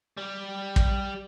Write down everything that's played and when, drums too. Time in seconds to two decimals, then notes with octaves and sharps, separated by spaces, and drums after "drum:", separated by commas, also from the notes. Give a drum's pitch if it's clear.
0.18 G3
0.76 drum: kick